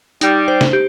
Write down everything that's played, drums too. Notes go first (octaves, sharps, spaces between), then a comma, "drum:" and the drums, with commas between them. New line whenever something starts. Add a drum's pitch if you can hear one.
G3 D#4, drum: hi-hat
C5
drum: snare
G4